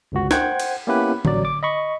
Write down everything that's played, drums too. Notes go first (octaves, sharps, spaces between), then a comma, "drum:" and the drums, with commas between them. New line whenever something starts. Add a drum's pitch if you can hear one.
G1 C#2 F#4
C5 F#5 G5 G#6, drum: snare
drum: cymbal
A#3 B3 C#4 E4 G4 B4
A1 F#3 D5, drum: tom D3
D6
D#5 B5 C#6